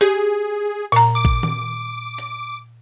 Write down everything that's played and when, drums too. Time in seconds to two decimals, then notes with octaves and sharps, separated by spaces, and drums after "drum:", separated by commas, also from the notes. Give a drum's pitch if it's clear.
0.01 G4 G#4
0.92 A#2 A#5, drum: open hi-hat
1.15 D6
1.25 drum: kick A1
1.43 drum: tom D#3
2.18 drum: hi-hat